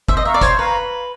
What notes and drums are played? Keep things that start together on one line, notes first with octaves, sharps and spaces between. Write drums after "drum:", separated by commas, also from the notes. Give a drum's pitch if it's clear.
C5 E5, drum: kick
D#5
E5 F5 A#5 C#6
D5
C5 C#5, drum: kick, hi-hat
B4 F5 A#5 C#6